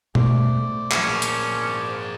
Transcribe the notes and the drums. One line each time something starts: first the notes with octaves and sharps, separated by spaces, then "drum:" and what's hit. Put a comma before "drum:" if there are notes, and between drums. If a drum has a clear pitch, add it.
A3 C5 D5, drum: tom B2
A#2 F3 C#4 G#4 A#4, drum: clap
drum: hi-hat